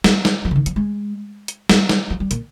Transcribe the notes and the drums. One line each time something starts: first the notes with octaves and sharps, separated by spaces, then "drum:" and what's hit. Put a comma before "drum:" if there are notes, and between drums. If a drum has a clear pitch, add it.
G3, drum: snare
drum: snare
F3
C#3
D#3
F3, drum: hi-hat
G#3
drum: hi-hat
G3, drum: snare
drum: snare
F3
G3
A#2, drum: hi-hat